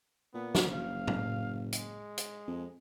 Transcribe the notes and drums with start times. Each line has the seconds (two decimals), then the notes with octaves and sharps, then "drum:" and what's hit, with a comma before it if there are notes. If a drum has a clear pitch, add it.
0.34 A#2 B3
0.55 drum: snare
0.71 F#1 F5
1.08 drum: tom A2
1.72 G#3, drum: hi-hat
2.18 drum: hi-hat
2.47 F2